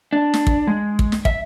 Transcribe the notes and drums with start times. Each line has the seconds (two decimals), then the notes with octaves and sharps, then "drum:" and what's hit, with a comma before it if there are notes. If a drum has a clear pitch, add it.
0.13 D4
0.34 drum: snare
0.47 drum: kick
0.67 G#3
0.99 drum: kick
1.12 drum: snare
1.25 E5, drum: kick